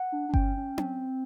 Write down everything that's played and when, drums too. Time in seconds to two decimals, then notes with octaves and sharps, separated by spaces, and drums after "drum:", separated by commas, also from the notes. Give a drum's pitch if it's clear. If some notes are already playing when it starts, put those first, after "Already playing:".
Already playing: F#5
0.12 D4
0.29 D4
0.34 C#4 G5, drum: kick G1
0.57 C#4
0.78 C4, drum: tom C#4